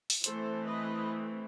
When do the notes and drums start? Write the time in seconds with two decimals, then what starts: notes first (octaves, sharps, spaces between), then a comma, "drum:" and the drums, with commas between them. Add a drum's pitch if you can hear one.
0.10 drum: open hi-hat
0.24 E3 A3 C4 A4 C5, drum: hi-hat
0.65 B4 D#5